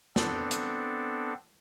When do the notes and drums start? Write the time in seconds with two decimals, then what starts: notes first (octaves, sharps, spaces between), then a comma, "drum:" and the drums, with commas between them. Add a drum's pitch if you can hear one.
0.16 B3 C4 D4 A4, drum: snare
0.51 drum: hi-hat